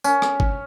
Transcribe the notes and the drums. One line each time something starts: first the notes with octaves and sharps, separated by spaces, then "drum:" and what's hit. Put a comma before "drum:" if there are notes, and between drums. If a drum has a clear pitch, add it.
C#4, drum: tambourine
drum: rim click
drum: kick